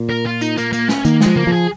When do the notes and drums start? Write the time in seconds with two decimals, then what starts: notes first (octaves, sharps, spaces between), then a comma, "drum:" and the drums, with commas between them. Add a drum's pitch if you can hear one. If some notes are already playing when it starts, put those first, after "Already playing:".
Already playing: A#2
0.09 A#4
0.25 F4
0.41 D#4, drum: hi-hat
0.57 A#3, drum: hi-hat
0.73 A#3, drum: hi-hat
0.89 C#4, drum: snare
1.05 D#3 A#3, drum: hi-hat
1.21 G#3, drum: snare
1.26 F3
1.36 A#3, drum: tom C#3
1.47 F3 G#4